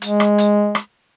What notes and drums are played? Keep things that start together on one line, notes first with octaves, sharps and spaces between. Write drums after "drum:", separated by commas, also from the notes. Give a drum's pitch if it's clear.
G#3, drum: hi-hat
drum: rim click
drum: hi-hat
drum: rim click